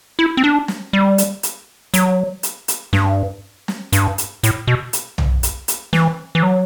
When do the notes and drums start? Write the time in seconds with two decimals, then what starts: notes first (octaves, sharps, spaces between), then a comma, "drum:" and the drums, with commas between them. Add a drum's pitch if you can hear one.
0.19 E4
0.37 C4
0.44 D4
0.68 drum: snare
0.93 G3
1.18 drum: hi-hat
1.43 drum: hi-hat
1.94 F#3, drum: hi-hat
2.43 drum: hi-hat
2.68 drum: hi-hat
2.93 G2, drum: snare
3.68 drum: snare
3.92 G2, drum: hi-hat
4.18 drum: hi-hat
4.43 A2, drum: hi-hat
4.67 B2
4.93 drum: hi-hat
5.18 drum: tom B1
5.43 drum: hi-hat
5.68 drum: hi-hat
5.93 E3, drum: snare
6.35 E3
6.43 F#3